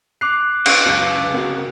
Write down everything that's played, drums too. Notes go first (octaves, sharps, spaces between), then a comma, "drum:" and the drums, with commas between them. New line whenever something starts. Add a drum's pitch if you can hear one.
D6 F#6 C7 F7
C#4 B4 D#5 F5, drum: cymbal
F#1 C#2 C#3
A#3 C4 F#4 G#4